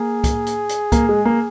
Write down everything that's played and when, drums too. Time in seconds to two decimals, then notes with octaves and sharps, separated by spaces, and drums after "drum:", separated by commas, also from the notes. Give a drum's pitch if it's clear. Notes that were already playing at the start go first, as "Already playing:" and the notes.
Already playing: A#3 G#4
0.24 drum: kick C2, hi-hat
0.46 drum: hi-hat
0.69 drum: hi-hat
0.92 A#3, drum: kick C2, hi-hat
1.09 G#3
1.25 A#3